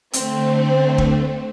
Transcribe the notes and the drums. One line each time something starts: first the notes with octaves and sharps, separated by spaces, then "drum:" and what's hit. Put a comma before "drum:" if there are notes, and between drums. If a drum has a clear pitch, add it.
D3 A3 C4, drum: hi-hat
drum: kick